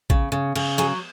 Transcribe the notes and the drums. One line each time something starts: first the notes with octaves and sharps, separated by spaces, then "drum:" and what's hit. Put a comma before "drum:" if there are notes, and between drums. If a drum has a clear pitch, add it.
C#3, drum: kick
C#3
C#3, drum: cymbal
F#3 G#4